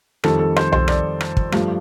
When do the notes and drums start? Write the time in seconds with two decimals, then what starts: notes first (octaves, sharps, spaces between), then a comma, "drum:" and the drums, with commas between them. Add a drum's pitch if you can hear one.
0.24 F2 D#3 G3 A4, drum: rim click
0.39 A4
0.56 C5, drum: rim click
0.72 C5, drum: tom B1
0.88 D5, drum: rim click
1.21 drum: rim click
1.37 drum: kick
1.52 G2 F3 A3, drum: rim click